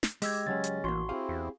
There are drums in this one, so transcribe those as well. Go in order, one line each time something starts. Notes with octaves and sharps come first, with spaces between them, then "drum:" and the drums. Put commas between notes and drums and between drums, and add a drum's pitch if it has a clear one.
drum: snare
G#3 G4 D#5 E6 G#6, drum: open hi-hat
C#2 F#3 G#3 C#4 D#5 A6
drum: hi-hat
A1 E3 A#3 F#4 C6
C4 E4 G4 G#4 F5
E2